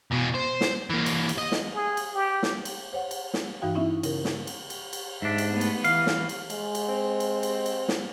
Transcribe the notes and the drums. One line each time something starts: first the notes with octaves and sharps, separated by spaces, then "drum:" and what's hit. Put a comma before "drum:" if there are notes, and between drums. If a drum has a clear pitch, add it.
E2 B2
C5
drum: snare
E3 A#3
drum: cymbal
drum: cymbal
D#5
drum: snare
G#4
drum: cymbal
G4
drum: snare
drum: cymbal
C5 C#5 F#5
drum: cymbal
drum: snare
G2 E3 D#4 F#4 F5 G5
B3 C#4 D#4 E4 E5
C#3 A#4, drum: cymbal
drum: snare
drum: cymbal
drum: cymbal
drum: cymbal
G#2 D4 E5
drum: cymbal
A3 B3
drum: cymbal
E3 F5, drum: cymbal
drum: snare
drum: cymbal
G#3, drum: cymbal
drum: cymbal
C4
drum: cymbal
drum: cymbal
drum: cymbal
drum: snare